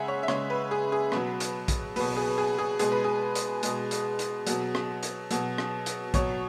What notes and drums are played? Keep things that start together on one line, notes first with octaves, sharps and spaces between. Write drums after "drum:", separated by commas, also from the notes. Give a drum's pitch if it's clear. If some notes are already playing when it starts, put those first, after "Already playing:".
Already playing: C#3 G#3 E5 F#5 G#5
C#5
E5
C#3 G#3 C#5, drum: rim click
B4
G#4
G#4
B2 F#3 B4, drum: rim click
drum: hi-hat
drum: kick, hi-hat
B2 F#3 B4, drum: open hi-hat
G#4
G#4
G#4
B2 G#3 G#4, drum: hi-hat
B4
G#4
drum: hi-hat
B2 G#3, drum: hi-hat
drum: hi-hat
drum: hi-hat
B2 F#3, drum: hi-hat
drum: rim click
drum: hi-hat
B2 F#3, drum: hi-hat
drum: rim click
drum: hi-hat
B2 F#3 C#5, drum: kick, hi-hat